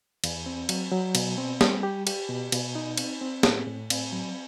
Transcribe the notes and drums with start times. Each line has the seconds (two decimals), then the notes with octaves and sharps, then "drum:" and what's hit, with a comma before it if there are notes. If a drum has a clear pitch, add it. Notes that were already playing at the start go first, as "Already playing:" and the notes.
0.24 E2, drum: cymbal
0.46 C4
0.69 F#3, drum: cymbal
0.92 F#3
1.15 B2, drum: cymbal
1.38 C4
1.61 G3, drum: snare
1.83 G4
2.07 G4, drum: cymbal
2.29 B2
2.52 B2, drum: cymbal
2.75 D#4
2.97 C4, drum: cymbal
3.21 C4
3.43 A2, drum: snare
3.67 A2
3.90 C4, drum: cymbal
4.12 F#3